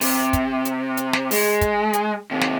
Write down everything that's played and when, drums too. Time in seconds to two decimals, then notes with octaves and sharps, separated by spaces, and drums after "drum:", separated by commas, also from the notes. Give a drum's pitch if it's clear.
0.01 C3, drum: open hi-hat
0.33 drum: kick, hi-hat
0.65 drum: hi-hat
0.97 drum: hi-hat
1.13 drum: snare
1.31 G#3, drum: open hi-hat
1.61 drum: kick, hi-hat
1.93 drum: hi-hat
2.31 D#2 C3
2.41 drum: snare